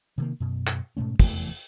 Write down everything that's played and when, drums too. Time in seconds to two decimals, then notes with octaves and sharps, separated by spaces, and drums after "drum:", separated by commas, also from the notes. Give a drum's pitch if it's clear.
0.18 C3 D#3 A#3
0.40 F#2 B2
0.67 drum: clap
0.97 G#2 B2 A3 C#4
1.20 F1 E2 E3 A3, drum: kick, open hi-hat